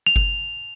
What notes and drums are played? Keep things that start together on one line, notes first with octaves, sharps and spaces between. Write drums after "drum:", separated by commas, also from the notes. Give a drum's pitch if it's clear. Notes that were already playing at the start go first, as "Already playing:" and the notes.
F7
drum: kick G1